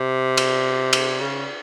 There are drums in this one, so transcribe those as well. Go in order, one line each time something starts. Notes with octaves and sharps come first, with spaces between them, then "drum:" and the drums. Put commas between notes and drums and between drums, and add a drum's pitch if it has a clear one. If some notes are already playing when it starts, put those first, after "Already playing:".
Already playing: C3
drum: cymbal
drum: cymbal
C#3